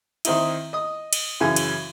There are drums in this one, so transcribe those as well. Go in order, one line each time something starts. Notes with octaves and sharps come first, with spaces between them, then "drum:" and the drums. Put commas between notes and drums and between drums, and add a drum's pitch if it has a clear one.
D#3 C4 D#4 E4, drum: cymbal
D#5 D#6
drum: cymbal
F#2 C#3 E3 G#5
drum: cymbal